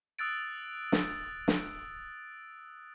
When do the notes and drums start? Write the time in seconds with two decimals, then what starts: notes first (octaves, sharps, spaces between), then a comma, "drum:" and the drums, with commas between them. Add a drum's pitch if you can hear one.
0.19 D#6 E6 F#6 A6 D7
0.92 drum: snare
1.48 drum: snare